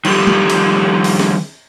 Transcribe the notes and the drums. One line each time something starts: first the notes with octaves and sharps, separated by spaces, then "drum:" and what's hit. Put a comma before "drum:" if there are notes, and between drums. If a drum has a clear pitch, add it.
D#3 F3 G3 G4 A4, drum: cymbal
drum: tom G3
drum: cymbal
drum: open hi-hat
drum: snare